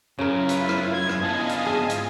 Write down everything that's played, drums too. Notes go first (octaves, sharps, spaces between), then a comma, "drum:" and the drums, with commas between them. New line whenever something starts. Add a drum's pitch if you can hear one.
F#2 C#3 E4 F4 A#4
B4, drum: hi-hat
drum: rim click
D#5 F5 G#5 G#6
drum: rim click
B3 D4 A5
drum: hi-hat
G#2 C4 F4 G#4 E5
drum: hi-hat